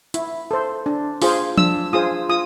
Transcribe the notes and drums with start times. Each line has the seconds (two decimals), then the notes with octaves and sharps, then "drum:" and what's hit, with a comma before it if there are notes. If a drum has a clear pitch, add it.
0.14 E4, drum: hi-hat
0.51 A4 C5
0.86 D4
1.22 F4 G#4 C5, drum: open hi-hat
1.57 D4 E6, drum: tom F3
1.93 F4 G#4 C5 D#6
2.29 F4 D#6